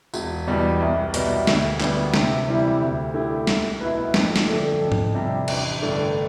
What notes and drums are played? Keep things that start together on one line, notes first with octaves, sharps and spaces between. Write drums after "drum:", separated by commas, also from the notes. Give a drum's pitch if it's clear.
E1, drum: tambourine
E2 B2 G3
C2
B2 G3, drum: hi-hat
D2, drum: snare
D3 G3 B3, drum: clap
C3, drum: snare
E3 G3 C4 E4
D2
D3 A3 E4 G4
C2, drum: snare
B2 B3 E4 B4
F2, drum: snare
drum: snare
D3 A3 D4 A4
F2
drum: tom
C3 G3 D4
A1, drum: cymbal
G2 D3 A3 D4